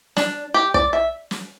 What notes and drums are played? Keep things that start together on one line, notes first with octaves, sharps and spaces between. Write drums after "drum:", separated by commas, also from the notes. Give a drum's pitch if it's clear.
D4, drum: snare
G4
D5, drum: kick
E5
drum: snare